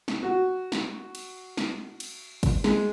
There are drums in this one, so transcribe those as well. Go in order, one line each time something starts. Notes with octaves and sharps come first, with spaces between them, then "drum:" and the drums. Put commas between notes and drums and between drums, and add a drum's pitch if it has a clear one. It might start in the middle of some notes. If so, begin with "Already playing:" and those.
drum: snare
F#4
drum: snare
drum: cymbal
drum: snare
drum: cymbal
drum: kick, cymbal
G#3, drum: snare